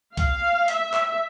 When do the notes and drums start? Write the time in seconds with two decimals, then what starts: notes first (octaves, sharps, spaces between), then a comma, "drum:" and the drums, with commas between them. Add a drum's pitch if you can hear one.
0.17 F5, drum: kick C2, hi-hat
0.68 E5, drum: hi-hat
0.93 drum: clap